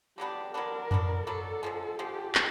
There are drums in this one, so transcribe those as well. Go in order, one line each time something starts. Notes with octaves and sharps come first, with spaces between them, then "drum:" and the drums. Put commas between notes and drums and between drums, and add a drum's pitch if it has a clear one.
D3 F#3 B3 D4 G4
D3 F#3 B3 D4 A#4
D3 F#3 B3 D4, drum: tom F2
D3 F#3 B3 D4 A4
D3 F3 G#3
D3 F3 G#3 G4
D3, drum: clap